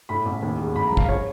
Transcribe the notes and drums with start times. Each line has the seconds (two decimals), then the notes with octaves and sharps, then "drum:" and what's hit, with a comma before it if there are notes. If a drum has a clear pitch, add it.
0.09 A2 B5
0.25 A1
0.42 D#2
0.59 E1
0.75 A1 B5
0.86 A#5
0.92 F3
0.97 F5, drum: kick
1.08 F3 C#5